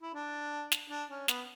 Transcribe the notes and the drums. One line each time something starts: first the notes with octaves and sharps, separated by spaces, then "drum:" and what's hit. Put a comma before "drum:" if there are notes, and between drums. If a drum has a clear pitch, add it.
E4
D4
drum: snare
D4
C#4
B3, drum: snare